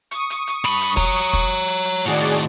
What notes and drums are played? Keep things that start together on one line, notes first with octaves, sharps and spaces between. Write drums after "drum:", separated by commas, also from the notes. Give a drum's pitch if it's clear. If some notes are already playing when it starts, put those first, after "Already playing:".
C#6 D#6, drum: hi-hat
drum: hi-hat
drum: hi-hat
G2 B5, drum: snare
drum: hi-hat
C#5 A#5, drum: kick, hi-hat
drum: hi-hat
drum: kick, hi-hat
drum: hi-hat
drum: hi-hat
A2 D#3 F#4 G#4 D5
drum: hi-hat